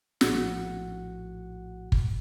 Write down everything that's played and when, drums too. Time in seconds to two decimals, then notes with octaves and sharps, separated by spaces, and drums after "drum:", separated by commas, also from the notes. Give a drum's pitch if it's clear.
0.21 A#1 A2 F#4 F#5, drum: snare
1.92 drum: kick